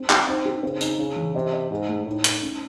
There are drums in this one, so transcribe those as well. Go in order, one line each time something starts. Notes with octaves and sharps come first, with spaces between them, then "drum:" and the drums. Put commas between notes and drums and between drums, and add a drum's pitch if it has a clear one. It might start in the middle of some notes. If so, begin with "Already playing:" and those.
Already playing: C4
F#4, drum: clap
C4 D#4
F#4
C#3 C4
D#4, drum: tambourine
C#3 C#4
E3
C3 D#5
D#5
G#2 G#4
A3
A2 D#4
D#4, drum: hi-hat
C#4